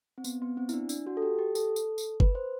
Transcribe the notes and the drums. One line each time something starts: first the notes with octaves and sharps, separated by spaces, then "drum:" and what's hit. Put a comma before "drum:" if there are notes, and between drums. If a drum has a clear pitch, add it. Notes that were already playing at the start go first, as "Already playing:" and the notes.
C4
B3, drum: tambourine
B3
C4
E4, drum: tambourine
D4
D4, drum: tambourine
F#4
A4
G4
G4
A4, drum: tambourine
drum: tambourine
drum: tambourine
B4, drum: kick F#1
C5